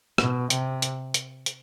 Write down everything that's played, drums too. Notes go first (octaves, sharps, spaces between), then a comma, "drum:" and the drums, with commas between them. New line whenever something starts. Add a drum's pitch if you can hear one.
B2, drum: rim click
C3, drum: hi-hat
drum: hi-hat
drum: hi-hat
drum: hi-hat